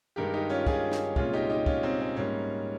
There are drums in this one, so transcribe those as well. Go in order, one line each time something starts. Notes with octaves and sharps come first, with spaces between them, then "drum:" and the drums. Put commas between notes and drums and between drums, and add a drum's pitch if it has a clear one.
G2 D#3 G#3 G4 A#4
D#4 G4
C#4 F4
F4 G#4, drum: kick
drum: snare
C2 A#2 G#3 C#4 F4, drum: kick
D#4 G4
D#4 G4
C#4 F4, drum: kick
C4 D#4
C#4
G#2 G3 A#3 C#4